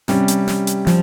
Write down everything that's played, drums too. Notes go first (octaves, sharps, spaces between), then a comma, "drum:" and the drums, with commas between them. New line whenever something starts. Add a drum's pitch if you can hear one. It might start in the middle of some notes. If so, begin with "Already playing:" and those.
C3 G3 C#4, drum: snare
drum: hi-hat
drum: snare
drum: hi-hat
F3, drum: snare